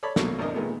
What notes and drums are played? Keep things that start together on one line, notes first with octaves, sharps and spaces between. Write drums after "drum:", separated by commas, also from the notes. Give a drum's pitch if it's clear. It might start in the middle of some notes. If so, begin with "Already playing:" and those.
A4 C#5 D5 B5
C2 B2 F#3 A3 A#3, drum: snare
G#1 E2 D4 A#4 D#5
A#2 D#3 G#3 A3 B3